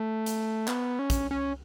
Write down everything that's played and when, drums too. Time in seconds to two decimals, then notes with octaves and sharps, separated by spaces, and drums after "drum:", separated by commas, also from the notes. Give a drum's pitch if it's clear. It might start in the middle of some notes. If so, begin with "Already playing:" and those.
Already playing: A3
0.26 drum: hi-hat
0.68 B3, drum: clap
0.99 C#4
1.10 drum: kick, hi-hat
1.31 C#4